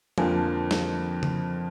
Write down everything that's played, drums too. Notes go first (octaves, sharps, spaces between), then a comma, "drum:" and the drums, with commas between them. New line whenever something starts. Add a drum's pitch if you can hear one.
F2 D3 F3 A#3, drum: tom F3
drum: snare
drum: tom C#3